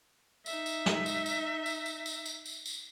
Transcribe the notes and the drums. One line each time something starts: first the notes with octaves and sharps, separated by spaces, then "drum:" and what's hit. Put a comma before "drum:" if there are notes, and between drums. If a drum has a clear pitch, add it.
D#4 E5, drum: tambourine
drum: tambourine
drum: snare
drum: tambourine
drum: tambourine
drum: tambourine
drum: tambourine
drum: tambourine
drum: tambourine
drum: tambourine
drum: tambourine